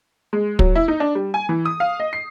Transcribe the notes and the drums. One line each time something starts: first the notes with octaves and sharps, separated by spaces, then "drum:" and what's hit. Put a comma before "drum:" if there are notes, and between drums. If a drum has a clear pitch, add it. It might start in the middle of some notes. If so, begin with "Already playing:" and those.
G#3
F#3, drum: kick
E4
D#4
D4
G3
G#5
E3
D#6
F5
D#5
C7